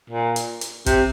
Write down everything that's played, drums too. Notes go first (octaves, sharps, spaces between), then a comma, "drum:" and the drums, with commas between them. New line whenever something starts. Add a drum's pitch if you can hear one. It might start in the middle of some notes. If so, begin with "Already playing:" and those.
A#2
drum: hi-hat
drum: hi-hat
C3, drum: kick, hi-hat